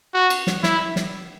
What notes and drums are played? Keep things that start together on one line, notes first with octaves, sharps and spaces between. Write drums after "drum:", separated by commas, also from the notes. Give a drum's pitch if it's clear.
F#4
drum: cymbal
drum: snare
E4, drum: snare
drum: snare